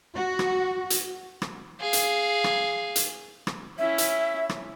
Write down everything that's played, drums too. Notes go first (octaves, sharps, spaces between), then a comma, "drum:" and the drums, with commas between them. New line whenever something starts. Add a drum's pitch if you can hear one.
F#4
drum: rim click
drum: hi-hat
drum: rim click
G#4 F5
drum: hi-hat
drum: rim click
drum: hi-hat
drum: rim click
C#4 E4 E5
drum: hi-hat
drum: rim click